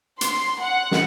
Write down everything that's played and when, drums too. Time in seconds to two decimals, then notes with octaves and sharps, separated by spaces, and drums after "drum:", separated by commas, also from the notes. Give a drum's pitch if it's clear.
0.21 C6, drum: hi-hat
0.61 F#5
0.91 drum: snare